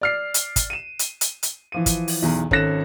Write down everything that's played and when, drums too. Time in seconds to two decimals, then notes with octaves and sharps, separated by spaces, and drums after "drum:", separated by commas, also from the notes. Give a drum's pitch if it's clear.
0.01 D5 F6 C7
0.34 drum: hi-hat
0.56 drum: kick, hi-hat
0.70 D#7 E7
0.99 drum: hi-hat
1.21 drum: hi-hat
1.43 drum: hi-hat
1.72 E3 F3 D#7
1.86 drum: kick, hi-hat
2.08 drum: open hi-hat
2.22 B1 E2
2.51 G#1 C#4 A4 F#6 A#6 E7, drum: kick